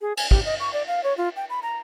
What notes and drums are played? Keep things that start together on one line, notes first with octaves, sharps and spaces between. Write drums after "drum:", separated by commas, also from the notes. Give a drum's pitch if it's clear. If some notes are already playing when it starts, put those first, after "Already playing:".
G#4
G#5, drum: cymbal
G4, drum: kick
D#5
C#6
D5
F5
C#5
F4
G5
B5
A#5